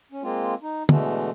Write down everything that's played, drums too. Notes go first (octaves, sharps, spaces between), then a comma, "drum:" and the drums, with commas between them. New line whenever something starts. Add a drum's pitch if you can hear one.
C#4
G#3 A#3 C4 F4
D#4
B2 D3 E3 G#3 A3, drum: tom